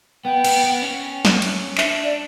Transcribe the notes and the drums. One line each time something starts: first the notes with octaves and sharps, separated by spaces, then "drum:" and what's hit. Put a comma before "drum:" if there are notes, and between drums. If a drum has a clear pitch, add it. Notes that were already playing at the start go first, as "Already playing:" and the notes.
B3 G5
B3, drum: cymbal
B3
C#4
drum: snare
drum: cymbal
D4 E5, drum: clap
D5